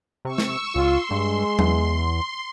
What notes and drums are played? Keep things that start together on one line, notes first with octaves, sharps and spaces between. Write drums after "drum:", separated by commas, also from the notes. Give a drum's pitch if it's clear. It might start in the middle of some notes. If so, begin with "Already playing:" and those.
C3 C#6 E6
drum: snare
C#2 F4 C6
G2 G#3
E2, drum: tom F#3